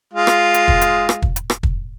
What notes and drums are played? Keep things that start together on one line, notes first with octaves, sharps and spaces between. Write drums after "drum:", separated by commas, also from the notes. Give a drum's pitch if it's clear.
G#3 F4
drum: rim click
drum: hi-hat
drum: kick
drum: hi-hat
drum: rim click
drum: kick
drum: hi-hat
drum: rim click
drum: kick